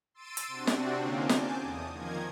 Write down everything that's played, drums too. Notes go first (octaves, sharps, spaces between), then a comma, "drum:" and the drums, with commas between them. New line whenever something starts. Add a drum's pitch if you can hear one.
C6 E6 A6 D7 D#7
drum: hi-hat
C3 C4 D4 F#4
drum: snare
D3 A#3 C4 C#4 D#4 F4
G#5 A5 D6 G6, drum: snare
E2 D#6
D#3 F3 A#3 D#5 G#6